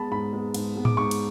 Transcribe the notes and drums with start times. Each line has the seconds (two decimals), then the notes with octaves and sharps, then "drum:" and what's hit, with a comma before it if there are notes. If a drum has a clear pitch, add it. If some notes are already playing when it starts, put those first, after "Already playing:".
Already playing: G#3 B3 A5 B5
0.11 G#2 B5
0.33 G#3 B3
0.54 G#2, drum: cymbal
0.75 G#3 B3
0.85 D6, drum: tom A2
0.97 G#2 C#6
1.11 drum: cymbal